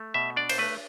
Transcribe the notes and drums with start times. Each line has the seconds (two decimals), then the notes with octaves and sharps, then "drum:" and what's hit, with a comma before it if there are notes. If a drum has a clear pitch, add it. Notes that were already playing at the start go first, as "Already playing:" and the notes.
Already playing: A3
0.14 B2 E5
0.36 D4 D5
0.49 C5, drum: cymbal
0.58 A3 B4